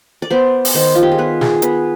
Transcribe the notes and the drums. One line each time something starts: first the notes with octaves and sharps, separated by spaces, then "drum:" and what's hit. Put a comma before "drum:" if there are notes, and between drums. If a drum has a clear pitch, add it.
D5
B3 C5
drum: open hi-hat
D#3 C5
F4
G4
G#4
B3 B4
G#4, drum: snare
B3 B4, drum: hi-hat